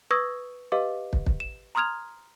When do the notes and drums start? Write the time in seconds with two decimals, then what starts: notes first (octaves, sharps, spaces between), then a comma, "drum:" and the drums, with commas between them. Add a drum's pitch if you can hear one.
0.11 B4 C#6 D#6 E6 G#6 A#6
0.72 G4 B4 D#5 F5 D6
1.13 drum: kick
1.26 drum: kick
1.40 E7
1.75 A#5 C6 D#6 F6 G#6 F7